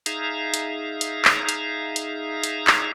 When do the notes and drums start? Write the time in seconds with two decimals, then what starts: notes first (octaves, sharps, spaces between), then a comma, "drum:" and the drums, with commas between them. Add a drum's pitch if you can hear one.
0.06 D#4 G#4 E5 F5 A#5, drum: hi-hat
0.54 drum: hi-hat
1.01 drum: hi-hat
1.25 drum: clap
1.49 drum: hi-hat
1.96 drum: hi-hat
2.44 drum: hi-hat
2.67 drum: clap